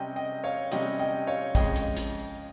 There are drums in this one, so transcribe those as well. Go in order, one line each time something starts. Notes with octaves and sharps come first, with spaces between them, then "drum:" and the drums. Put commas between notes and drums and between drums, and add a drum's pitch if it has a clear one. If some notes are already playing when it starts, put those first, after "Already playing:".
Already playing: C3 G3 C#4 D#5 G5
D#5 G5
C#5 F5
C3 G3 C#4 D#5 G5, drum: hi-hat
D#5 G5
C#5 F5
F2 C#3 G#3 D#5 G5, drum: kick, hi-hat
drum: hi-hat
drum: hi-hat